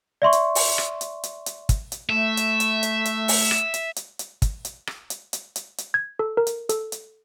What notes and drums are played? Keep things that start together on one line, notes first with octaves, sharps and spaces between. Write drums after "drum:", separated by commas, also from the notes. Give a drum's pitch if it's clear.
D5 E5 C6 C#6
drum: hi-hat
drum: open hi-hat
drum: rim click
drum: hi-hat
drum: hi-hat
drum: hi-hat
drum: kick, hi-hat
drum: hi-hat
A3 E5
drum: hi-hat
drum: hi-hat
drum: hi-hat
drum: hi-hat
drum: open hi-hat
drum: rim click
drum: hi-hat
drum: hi-hat
drum: hi-hat
drum: kick, hi-hat
drum: hi-hat
drum: rim click
drum: hi-hat
drum: hi-hat
drum: hi-hat
drum: hi-hat
G#6
A4
A#4
drum: hi-hat
A4, drum: hi-hat
drum: hi-hat